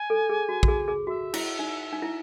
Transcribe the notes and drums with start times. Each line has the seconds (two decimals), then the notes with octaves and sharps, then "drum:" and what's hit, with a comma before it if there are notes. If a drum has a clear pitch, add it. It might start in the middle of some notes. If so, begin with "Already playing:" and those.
Already playing: G#5
0.10 A4
0.29 G#4
0.49 F#4
0.63 F#4, drum: kick
0.68 G#4
0.88 G#4
1.07 F#4 E5
1.34 E4, drum: cymbal
1.59 D#4
1.93 D#4
2.02 E4